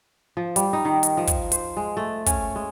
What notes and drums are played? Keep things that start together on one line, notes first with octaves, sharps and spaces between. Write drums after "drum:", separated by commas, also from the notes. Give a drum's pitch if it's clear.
F3
G3, drum: hi-hat
D#4
D#3
drum: hi-hat
F3
drum: kick, hi-hat
C5, drum: hi-hat
G#3
A3
C#4, drum: kick, hi-hat
G#3